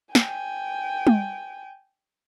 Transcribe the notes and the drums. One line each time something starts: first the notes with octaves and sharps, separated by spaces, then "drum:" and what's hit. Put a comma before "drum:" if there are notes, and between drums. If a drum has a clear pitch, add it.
G5 G#5, drum: snare
drum: tom